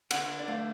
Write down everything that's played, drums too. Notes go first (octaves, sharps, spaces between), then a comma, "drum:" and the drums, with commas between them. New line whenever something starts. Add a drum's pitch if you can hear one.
D3 F#5, drum: cymbal
D5
A3 F5